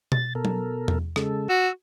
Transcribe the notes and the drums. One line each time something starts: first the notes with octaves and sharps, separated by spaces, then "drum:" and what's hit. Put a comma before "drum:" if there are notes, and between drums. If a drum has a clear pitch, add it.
A6, drum: tom B2
B2 A4 A#4
drum: tom F#3
drum: tom E2
C#3 G#3 A4, drum: rim click
F#4 E6